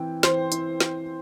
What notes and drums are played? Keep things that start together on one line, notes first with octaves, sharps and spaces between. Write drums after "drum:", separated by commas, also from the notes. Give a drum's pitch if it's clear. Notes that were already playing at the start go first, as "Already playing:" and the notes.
Already playing: E3 C4 E4 G5
E3 C5, drum: snare
E4, drum: hi-hat
drum: snare